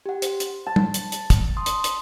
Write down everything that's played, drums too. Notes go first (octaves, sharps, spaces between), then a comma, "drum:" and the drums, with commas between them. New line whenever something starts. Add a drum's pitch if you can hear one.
G4 F#5
C5, drum: hi-hat
drum: hi-hat
A5
drum: tom
drum: hi-hat
drum: hi-hat
drum: kick, hi-hat
C6 D#6
drum: hi-hat
drum: hi-hat